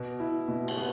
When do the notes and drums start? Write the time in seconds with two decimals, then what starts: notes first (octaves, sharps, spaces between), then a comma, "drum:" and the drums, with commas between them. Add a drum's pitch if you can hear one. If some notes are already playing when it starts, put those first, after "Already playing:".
Already playing: B2
0.20 E4
0.48 B2
0.68 drum: cymbal
0.77 B3